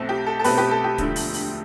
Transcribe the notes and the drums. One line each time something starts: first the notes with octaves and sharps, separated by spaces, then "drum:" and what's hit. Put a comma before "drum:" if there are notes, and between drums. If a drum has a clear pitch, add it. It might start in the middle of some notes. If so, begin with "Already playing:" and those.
Already playing: B1 B2 A3 C4
G4
A4
A4
B1 B2 A3 C4 G4 B4, drum: open hi-hat
G4 B4
A4
G4
E1 D2 D3 F3 A3, drum: kick, hi-hat
drum: open hi-hat
drum: open hi-hat